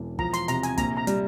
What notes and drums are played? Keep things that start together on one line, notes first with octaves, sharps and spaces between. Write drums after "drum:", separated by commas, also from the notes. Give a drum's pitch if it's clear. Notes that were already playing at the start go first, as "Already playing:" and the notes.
Already playing: E1 E3
F3 A#5, drum: kick
C6, drum: hi-hat
C3 A#5, drum: hi-hat
G#5, drum: hi-hat
A#1 A#5, drum: kick, hi-hat
A#5
G3, drum: hi-hat